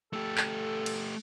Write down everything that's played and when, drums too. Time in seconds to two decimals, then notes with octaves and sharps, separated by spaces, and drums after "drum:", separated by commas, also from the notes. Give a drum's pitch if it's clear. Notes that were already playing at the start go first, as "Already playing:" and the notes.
0.13 A3 G4 A4
0.38 drum: clap
0.86 drum: cymbal